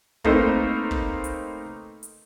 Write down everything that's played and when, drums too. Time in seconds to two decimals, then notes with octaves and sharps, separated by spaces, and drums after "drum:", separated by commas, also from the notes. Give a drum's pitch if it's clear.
0.24 A3 A#3 C4 D#4 B4 C5, drum: kick
0.91 drum: kick
1.24 drum: hi-hat
2.03 drum: hi-hat